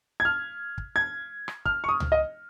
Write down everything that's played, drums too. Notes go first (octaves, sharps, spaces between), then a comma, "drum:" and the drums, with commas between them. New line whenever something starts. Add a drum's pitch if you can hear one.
G#6
F6
drum: kick
G#6
drum: rim click
F6, drum: kick
C#6
D#6
drum: tom C#2
D#5